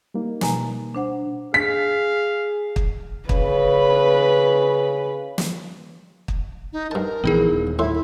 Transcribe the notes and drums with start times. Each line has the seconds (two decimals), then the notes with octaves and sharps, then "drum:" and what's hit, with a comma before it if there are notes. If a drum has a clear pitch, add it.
0.14 G3 A#3 D#4
0.41 B2 G#5 A#5, drum: snare
0.95 D4 C5 F#5
1.54 G#4 F5 B6
2.76 drum: kick
3.29 C#3 B4 B5, drum: kick
5.38 drum: snare
6.28 drum: kick
6.73 D#4
6.91 G2 A#4 A5
7.24 A#1 E3 B3 D#4 G#4
7.53 D#1
7.79 A2 E4 C6